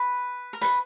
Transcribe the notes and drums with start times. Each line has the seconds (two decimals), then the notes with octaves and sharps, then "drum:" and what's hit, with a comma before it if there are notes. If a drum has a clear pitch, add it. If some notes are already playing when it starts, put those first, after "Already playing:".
Already playing: B4
0.53 A#4
0.61 B4, drum: hi-hat